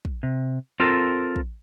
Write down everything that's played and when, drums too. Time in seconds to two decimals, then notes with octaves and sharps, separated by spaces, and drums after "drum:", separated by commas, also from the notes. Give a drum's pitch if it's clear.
0.05 drum: kick
0.23 C3
0.80 C4 F4 A4 A#4
1.36 drum: kick